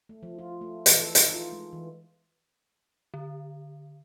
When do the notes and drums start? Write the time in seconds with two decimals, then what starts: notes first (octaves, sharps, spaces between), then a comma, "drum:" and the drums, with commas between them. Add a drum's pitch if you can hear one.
0.09 A3
0.23 F3
0.39 F4
0.61 A3
0.86 E3, drum: hi-hat
1.00 A4
1.15 D#4, drum: hi-hat
1.34 F4
1.52 G#3
1.73 E3
3.14 D3